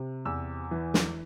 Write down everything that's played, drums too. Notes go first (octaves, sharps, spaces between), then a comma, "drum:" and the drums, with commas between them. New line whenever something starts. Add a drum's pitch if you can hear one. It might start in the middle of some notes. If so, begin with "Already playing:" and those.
Already playing: C3
E2 E6
E3
drum: snare